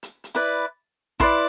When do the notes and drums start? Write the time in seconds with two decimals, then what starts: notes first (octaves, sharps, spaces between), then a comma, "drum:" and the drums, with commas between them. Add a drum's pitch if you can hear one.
0.03 drum: hi-hat
0.24 drum: hi-hat
0.35 E4 B4 D5
1.20 E4 B4 D5 C6, drum: kick A1